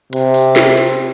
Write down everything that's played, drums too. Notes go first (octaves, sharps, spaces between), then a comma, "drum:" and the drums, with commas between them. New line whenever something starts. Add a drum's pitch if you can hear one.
C3, drum: hi-hat
drum: open hi-hat
drum: snare
drum: hi-hat